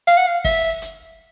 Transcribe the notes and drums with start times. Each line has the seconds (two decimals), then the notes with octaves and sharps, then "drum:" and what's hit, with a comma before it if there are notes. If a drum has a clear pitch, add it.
0.07 F5, drum: hi-hat
0.17 F#5
0.27 F5
0.44 E5, drum: kick, open hi-hat
0.82 drum: hi-hat